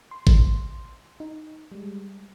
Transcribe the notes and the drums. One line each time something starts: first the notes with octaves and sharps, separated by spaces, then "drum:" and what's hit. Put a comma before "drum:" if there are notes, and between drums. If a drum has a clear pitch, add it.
C6
drum: kick G#1
D#4
G3 G#3